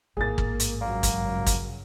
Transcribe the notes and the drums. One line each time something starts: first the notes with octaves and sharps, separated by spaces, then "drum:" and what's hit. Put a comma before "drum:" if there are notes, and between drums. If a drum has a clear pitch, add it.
A1 G#2 A#3 G#4 A6
drum: kick
drum: hi-hat
C#2 G2 F#3 A#3
drum: kick, hi-hat
drum: kick, hi-hat